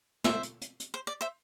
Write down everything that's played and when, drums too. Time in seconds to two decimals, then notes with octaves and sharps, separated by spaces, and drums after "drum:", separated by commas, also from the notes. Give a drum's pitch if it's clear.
0.24 C5 E5, drum: snare
0.43 drum: hi-hat
0.61 drum: hi-hat
0.80 drum: hi-hat
0.94 C5
1.07 D5
1.21 C5 E5